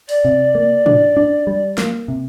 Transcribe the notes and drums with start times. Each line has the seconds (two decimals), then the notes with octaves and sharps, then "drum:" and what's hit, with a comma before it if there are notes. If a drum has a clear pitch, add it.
0.09 D5, drum: open hi-hat
0.25 C3
0.55 A#3
0.86 D4, drum: tom
1.17 D4
1.47 G3
1.78 A#3, drum: snare
2.08 C3